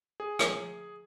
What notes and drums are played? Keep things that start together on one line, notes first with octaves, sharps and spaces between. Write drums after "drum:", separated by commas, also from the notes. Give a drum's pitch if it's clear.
G#4
drum: rim click